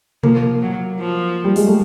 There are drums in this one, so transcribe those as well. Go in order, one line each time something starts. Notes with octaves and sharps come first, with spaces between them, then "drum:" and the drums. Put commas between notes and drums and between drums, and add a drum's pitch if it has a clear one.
F3 A#3, drum: tom B2
F#3
F3
G3
G#3, drum: open hi-hat
A3